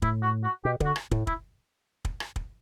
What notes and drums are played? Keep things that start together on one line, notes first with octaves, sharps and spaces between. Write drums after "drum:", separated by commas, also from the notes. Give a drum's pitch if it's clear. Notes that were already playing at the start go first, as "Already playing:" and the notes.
A2 E4, drum: kick
F#4
F#4
B2 G4
D3 F#4, drum: kick
drum: rim click
A2, drum: kick
E4, drum: kick
drum: kick
drum: rim click
drum: kick